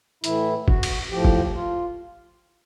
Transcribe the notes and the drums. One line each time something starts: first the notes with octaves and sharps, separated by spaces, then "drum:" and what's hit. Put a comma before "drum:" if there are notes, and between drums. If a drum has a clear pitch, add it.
A2 E3 E4, drum: hi-hat
F#4, drum: kick
drum: cymbal
A2 F3 G4
drum: kick
F4